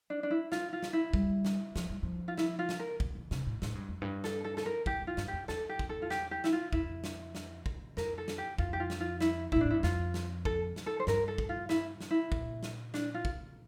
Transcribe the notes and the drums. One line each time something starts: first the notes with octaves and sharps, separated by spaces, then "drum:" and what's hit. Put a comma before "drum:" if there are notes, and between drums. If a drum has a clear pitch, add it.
D4
D4
E4
F4, drum: snare
F4
drum: snare
E4
G3, drum: kick
drum: snare
F3, drum: snare
G3
F3
F4
E4, drum: snare
F4
drum: snare
A#4
D3, drum: kick
E3
C3, drum: snare
A2
A2, drum: snare
G2
F2
G2
A4, drum: snare
A4
A4, drum: snare
A#4
F2 G4, drum: kick
E2
F4
G2, drum: snare
G4
F2
E2 A4, drum: snare
G4
drum: kick
A4
F4
G4, drum: snare
G4
E4, drum: snare
F4
F2 E4, drum: kick
drum: snare
drum: snare
drum: kick
F2 A#4, drum: snare
A4
drum: snare
G4
F2 F4, drum: kick
G4
F4
drum: snare
F4
E4, drum: snare
A#2 E4, drum: kick
D4
A2
G2 E4
F2 F4, drum: snare
drum: snare
A4, drum: kick
drum: snare
A4
C5
G2 A#4, drum: snare
A4
drum: kick
F4
E4, drum: snare
drum: snare
E4
A#2, drum: kick
drum: snare
D4, drum: snare
F4
drum: kick